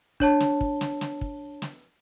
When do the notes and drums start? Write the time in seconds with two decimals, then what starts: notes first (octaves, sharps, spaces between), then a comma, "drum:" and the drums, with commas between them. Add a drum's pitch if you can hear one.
0.20 D4 C#5 A5, drum: kick
0.40 drum: snare
0.61 drum: kick
0.81 drum: snare
1.01 drum: snare
1.21 drum: kick
1.62 drum: snare